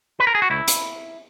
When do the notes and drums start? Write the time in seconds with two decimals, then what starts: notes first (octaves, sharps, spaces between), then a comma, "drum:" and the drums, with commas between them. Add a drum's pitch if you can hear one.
0.20 B4
0.27 A#4
0.35 G#4
0.42 F#4
0.50 C#2 E4
0.68 drum: hi-hat